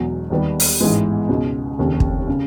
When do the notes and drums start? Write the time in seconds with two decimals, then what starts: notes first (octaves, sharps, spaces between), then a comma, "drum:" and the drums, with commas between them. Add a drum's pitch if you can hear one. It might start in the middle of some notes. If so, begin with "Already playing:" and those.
Already playing: E1 E2 B2 F#3
0.30 D#2 D#3 G3 B3
0.60 drum: open hi-hat
0.80 A1 G#2 E3 G#3 B3
1.29 C#2 B2 G#3
1.78 F1 D#2 C#3
2.00 drum: kick
2.28 C#3